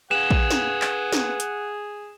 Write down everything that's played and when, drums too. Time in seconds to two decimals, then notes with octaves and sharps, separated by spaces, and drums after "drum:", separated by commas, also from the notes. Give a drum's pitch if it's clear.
0.11 G#4 B4 F5 F#5 E7
0.31 drum: kick A#1
0.51 drum: snare
0.82 drum: clap
1.13 drum: snare
1.40 drum: hi-hat